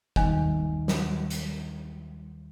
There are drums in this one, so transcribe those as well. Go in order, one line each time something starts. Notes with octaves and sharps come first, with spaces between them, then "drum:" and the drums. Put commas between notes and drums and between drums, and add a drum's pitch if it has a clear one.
D#2 D#3 G3 G#5, drum: kick G1
drum: snare
D#2 D#3 G3
drum: hi-hat